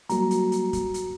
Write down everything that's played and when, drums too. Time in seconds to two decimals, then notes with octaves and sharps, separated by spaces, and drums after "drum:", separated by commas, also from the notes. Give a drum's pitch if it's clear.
0.10 F#3 G3 A#3 F#4 A#5, drum: hi-hat
0.31 drum: hi-hat
0.52 drum: hi-hat
0.73 drum: kick, hi-hat
0.94 drum: hi-hat